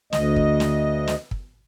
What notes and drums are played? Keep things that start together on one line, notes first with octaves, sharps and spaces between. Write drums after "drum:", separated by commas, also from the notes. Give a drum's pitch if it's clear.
D2 D#5, drum: snare
drum: kick
drum: snare
drum: snare
drum: kick